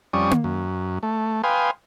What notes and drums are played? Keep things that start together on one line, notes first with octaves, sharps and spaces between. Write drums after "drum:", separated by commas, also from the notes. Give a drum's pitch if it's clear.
F2 G3 C#4 D5 C#6 D#6
drum: tom A#3
F#2
A3
B4 F5 G5 G#5 C6 D#6